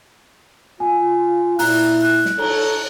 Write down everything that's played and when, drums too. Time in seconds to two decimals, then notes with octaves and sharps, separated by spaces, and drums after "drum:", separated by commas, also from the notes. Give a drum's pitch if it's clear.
0.80 F4 G#5
1.59 A#2 E4 A#5 F#6, drum: open hi-hat
2.02 F#6
2.25 drum: snare
2.39 A4 C#5 A#5, drum: cymbal